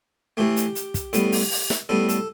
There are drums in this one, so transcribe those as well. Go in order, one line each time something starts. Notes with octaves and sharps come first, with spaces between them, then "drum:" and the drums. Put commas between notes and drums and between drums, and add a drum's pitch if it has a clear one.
A2 E3 A3 G4
drum: hi-hat
drum: hi-hat
drum: kick, hi-hat
A2 G3 B3, drum: hi-hat
drum: open hi-hat
drum: open hi-hat
drum: snare
A2 G3 B3 A4
A4, drum: hi-hat